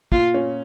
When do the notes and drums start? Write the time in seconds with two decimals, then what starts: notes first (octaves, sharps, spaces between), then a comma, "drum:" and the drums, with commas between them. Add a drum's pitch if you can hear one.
0.12 A#2 F4, drum: kick
0.34 C#4